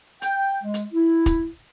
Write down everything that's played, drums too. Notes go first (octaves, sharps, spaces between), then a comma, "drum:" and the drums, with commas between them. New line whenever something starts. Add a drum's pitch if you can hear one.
G5, drum: hi-hat
G#3
drum: hi-hat
E4
drum: kick, hi-hat